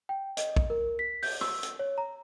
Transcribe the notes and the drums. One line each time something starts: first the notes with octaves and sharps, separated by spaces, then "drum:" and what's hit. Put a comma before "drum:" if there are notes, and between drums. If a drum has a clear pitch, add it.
G5
D#5, drum: hi-hat
drum: kick A#1
A#4
B6
G6, drum: open hi-hat
E6, drum: rim click
drum: hi-hat
C#5
A#5